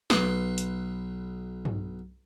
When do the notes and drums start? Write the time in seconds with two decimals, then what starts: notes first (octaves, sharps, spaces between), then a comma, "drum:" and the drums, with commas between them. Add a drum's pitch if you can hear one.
0.10 B1 B4 C6, drum: snare
0.58 drum: hi-hat
1.65 drum: tom